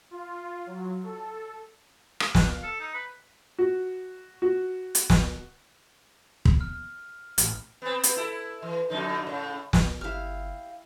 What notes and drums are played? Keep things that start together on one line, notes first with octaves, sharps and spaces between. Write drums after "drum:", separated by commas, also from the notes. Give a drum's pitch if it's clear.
F4
F#3
A4
drum: rim click
D4, drum: snare
F5
A4
D#4
B4
F#4
F#4
drum: hi-hat
drum: snare
drum: kick
F6
A1, drum: hi-hat
B3 C4
drum: hi-hat
E4 A4
E3
F2 D3 D#4
A2 C#3
drum: snare
G1 E4 G4 F5 F6